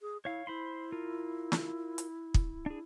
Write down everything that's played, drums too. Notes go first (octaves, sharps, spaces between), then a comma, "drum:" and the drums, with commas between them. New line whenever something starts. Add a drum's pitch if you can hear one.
G#4
E4 C#5 F5
E4 C5 B5 C6
F4 A#4
drum: snare
drum: hi-hat
drum: kick
D4 G#4